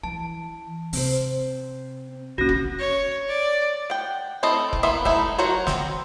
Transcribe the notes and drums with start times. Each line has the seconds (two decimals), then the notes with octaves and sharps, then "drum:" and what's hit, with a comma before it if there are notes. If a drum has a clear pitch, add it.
0.03 E3 A5
0.93 C3 C4 C5, drum: open hi-hat
2.38 D3 A#3 C#4 F#4 A#6
2.49 drum: kick F1
2.79 C#5
3.28 D5
3.90 F#5 G5
4.43 A3 C4 E4 A4 D#5
4.73 drum: kick F1
4.83 A#3 B3 E4 C5 E5
5.05 A3 D#4 E4, drum: kick F1
5.38 F#3 F#4 A#4 C5 C#5
5.67 C4, drum: snare